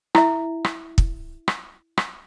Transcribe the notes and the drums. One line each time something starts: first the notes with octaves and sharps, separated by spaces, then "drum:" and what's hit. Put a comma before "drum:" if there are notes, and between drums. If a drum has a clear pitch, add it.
E4 E5, drum: rim click
drum: rim click
drum: kick
drum: rim click
drum: rim click